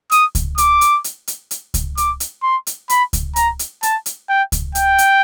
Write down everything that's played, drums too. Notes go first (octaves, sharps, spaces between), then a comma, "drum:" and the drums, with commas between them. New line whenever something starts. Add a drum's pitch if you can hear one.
D#6, drum: hi-hat
drum: kick C#2, hi-hat
D6, drum: hi-hat
drum: hi-hat
drum: hi-hat
drum: hi-hat
drum: hi-hat
drum: kick C#2, hi-hat
D6, drum: hi-hat
drum: hi-hat
C6
drum: hi-hat
B5, drum: hi-hat
drum: kick C#2, hi-hat
A#5, drum: hi-hat
drum: hi-hat
A5, drum: hi-hat
drum: hi-hat
G5
drum: kick C#2, hi-hat
G5, drum: hi-hat
drum: hi-hat